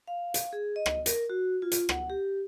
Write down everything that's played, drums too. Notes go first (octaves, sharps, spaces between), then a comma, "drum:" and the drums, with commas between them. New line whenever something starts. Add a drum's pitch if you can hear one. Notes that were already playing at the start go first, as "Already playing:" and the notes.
F5
drum: hi-hat
G#4
D#5
drum: rim click
A#4, drum: hi-hat
F#4
F4
drum: hi-hat
F#5, drum: rim click
G4